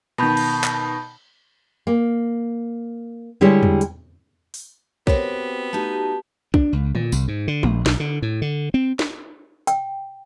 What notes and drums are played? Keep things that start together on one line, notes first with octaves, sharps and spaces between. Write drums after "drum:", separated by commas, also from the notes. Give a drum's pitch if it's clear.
B2 D#3 A5 B5 G6
drum: cymbal
drum: clap
A#3
D3 G3 G#3 E4 G4 C#5
drum: tom E2
drum: hi-hat
drum: open hi-hat
B3 C4 F#4 G4 A#4 C#5, drum: kick B1
A3 D#4 F#4 G4 G#5 A5
D4, drum: kick B1
C#2
A#2, drum: tom D3
C2, drum: tambourine
G#2
D3
A#1, drum: tom G#3
B1, drum: snare
D3
A2
D3
C4
drum: snare
G5, drum: hi-hat